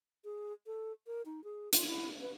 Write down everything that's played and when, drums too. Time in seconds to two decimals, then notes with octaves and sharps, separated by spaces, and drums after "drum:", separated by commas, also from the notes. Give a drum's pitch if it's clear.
0.24 G#4
0.66 A4
1.07 A#4
1.26 D#4
1.44 G#4
1.73 F4, drum: hi-hat
1.87 E4
2.21 B4